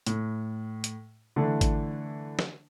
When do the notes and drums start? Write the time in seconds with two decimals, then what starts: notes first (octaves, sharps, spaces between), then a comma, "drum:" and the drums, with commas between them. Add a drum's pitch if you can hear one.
0.07 A2, drum: hi-hat
0.84 drum: hi-hat
1.36 D3 E3 A3 D4 E4
1.61 drum: kick G#1, hi-hat
2.39 drum: snare